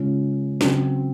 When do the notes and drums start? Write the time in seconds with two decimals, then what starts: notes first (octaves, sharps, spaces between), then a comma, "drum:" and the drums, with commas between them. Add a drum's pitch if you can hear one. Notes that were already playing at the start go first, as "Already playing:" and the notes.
Already playing: C#3 G#3 C#4 F4
0.61 C#3 F#3 C4, drum: snare